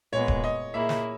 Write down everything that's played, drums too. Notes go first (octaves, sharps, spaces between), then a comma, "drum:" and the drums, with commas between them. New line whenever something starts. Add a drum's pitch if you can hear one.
A#2 G#3 B3 C#5
drum: kick D1
D#5
A#2 A#3 E4 G#4 E5
drum: snare